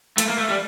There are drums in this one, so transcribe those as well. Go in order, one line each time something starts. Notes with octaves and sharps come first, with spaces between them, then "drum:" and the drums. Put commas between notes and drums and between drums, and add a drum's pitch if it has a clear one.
A3, drum: hi-hat
A#3
A3
G3